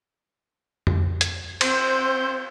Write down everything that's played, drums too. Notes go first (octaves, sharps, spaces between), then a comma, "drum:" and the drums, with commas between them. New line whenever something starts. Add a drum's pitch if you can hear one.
drum: tom F2
drum: hi-hat
C4 C5, drum: cymbal